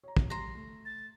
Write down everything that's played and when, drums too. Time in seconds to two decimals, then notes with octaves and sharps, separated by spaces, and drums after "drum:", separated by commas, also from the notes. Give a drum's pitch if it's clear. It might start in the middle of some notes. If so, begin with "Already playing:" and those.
0.03 C#5 A#5
0.17 drum: kick
0.30 G3 A#5 C6
0.55 A3
0.86 A6